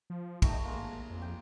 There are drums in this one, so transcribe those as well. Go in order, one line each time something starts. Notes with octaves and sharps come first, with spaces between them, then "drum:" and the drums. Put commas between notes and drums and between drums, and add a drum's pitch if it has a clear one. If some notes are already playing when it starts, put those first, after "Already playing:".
F3
G3 A3 D#4, drum: kick, cymbal
G#1 G#3 A#3
F2
G5